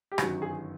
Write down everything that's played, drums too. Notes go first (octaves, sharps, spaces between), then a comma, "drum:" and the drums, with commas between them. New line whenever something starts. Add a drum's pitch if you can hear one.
G4
G1 F#2 D#3 F#3 F#4, drum: rim click
G#4